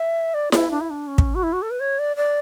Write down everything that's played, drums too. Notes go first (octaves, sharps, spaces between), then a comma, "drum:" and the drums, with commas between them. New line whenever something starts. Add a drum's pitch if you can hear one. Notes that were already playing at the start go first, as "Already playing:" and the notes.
Already playing: E5
D5
E4, drum: snare E4
D4
E4
D4
C#4
drum: kick
F#4
E4
F#4
A4
B4
C#5
D5
D5